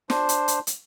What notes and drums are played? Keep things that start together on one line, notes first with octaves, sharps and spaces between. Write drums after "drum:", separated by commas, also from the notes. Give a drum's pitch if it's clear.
D4 C5, drum: snare
drum: hi-hat
drum: hi-hat
drum: hi-hat